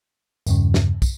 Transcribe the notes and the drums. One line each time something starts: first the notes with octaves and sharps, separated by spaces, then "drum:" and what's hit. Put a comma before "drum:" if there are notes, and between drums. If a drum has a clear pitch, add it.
E2 G2 C#3, drum: tambourine
drum: snare
drum: kick, tambourine